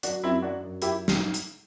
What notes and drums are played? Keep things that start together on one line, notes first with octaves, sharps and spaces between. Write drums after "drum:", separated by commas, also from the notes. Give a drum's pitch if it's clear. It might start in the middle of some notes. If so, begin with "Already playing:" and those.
F#3 D4 F#4, drum: hi-hat
F#2 C4 E4
F#3 D4 F#4
F#2
F#3 E4 G4, drum: hi-hat
drum: snare
drum: hi-hat